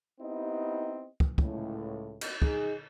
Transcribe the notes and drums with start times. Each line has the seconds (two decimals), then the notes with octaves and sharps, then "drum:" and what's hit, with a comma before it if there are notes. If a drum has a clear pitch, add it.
0.20 B3 C4 D#4 E4 G4 D#5
1.20 drum: kick
1.38 C#2 A2, drum: kick
2.21 drum: cymbal
2.42 D#4 G#4, drum: kick